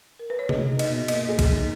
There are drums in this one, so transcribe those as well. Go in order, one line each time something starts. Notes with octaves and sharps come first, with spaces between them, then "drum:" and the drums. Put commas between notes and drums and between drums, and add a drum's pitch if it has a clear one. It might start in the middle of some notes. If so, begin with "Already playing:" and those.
A#4
B4
C#5
G#4 D#5, drum: tom C3
D#4
D#5, drum: cymbal
B2
A#3 D#5, drum: cymbal
G#4
drum: kick, cymbal
D#4